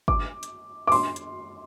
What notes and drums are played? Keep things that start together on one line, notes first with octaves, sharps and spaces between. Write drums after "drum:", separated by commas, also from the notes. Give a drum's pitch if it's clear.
D6, drum: kick G1
drum: hi-hat
D6
C6, drum: open hi-hat
drum: hi-hat